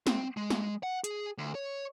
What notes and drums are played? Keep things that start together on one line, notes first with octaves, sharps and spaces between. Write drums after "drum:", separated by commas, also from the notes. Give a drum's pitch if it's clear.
C4, drum: snare
G#3
drum: snare
F#5
G#4, drum: hi-hat
D2
C#5